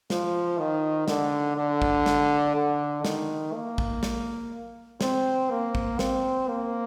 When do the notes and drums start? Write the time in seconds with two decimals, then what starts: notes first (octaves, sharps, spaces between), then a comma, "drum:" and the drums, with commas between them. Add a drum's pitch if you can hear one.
0.10 F3, drum: snare
0.59 D#3
1.08 D3, drum: snare
1.57 D3
1.82 drum: kick
2.06 drum: snare
2.55 D3
3.05 D#3, drum: snare
3.54 A#3
3.78 drum: kick
4.03 drum: snare
5.01 C4, drum: snare
5.51 A#3
5.75 drum: kick
5.99 C4, drum: snare
6.49 A#3